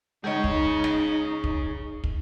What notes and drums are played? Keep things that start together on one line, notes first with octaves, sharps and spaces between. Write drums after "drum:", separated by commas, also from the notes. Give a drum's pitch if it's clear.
G#3 D#4 G#4 C#5 D#5
drum: kick
drum: snare
drum: kick
drum: kick